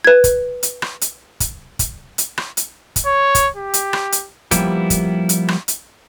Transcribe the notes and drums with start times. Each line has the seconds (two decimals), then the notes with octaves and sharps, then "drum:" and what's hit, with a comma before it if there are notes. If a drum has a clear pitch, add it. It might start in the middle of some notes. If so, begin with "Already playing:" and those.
0.04 B4 G#6
0.24 drum: kick, hi-hat
0.63 drum: hi-hat
0.82 drum: rim click
1.01 drum: hi-hat
1.40 drum: kick, hi-hat
1.79 drum: kick, hi-hat
2.18 drum: hi-hat
2.38 drum: rim click
2.57 drum: hi-hat
2.96 drum: kick, hi-hat
3.06 C#5
3.35 drum: kick, hi-hat
3.56 G4
3.74 drum: hi-hat
3.93 drum: rim click
4.12 drum: hi-hat
4.51 F3 G3 A#3 B3 E4 G4, drum: kick, hi-hat
4.90 drum: kick, hi-hat
5.29 drum: hi-hat
5.48 drum: rim click
5.68 drum: hi-hat